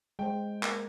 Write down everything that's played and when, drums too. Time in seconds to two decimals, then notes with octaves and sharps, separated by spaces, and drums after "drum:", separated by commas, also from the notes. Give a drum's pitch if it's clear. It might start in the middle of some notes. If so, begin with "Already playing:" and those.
0.19 G#3 C5 G5
0.63 A#3, drum: clap